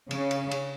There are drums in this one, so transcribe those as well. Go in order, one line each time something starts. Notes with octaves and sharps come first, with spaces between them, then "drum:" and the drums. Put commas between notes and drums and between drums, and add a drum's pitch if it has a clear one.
C#3, drum: cymbal
drum: cymbal
drum: cymbal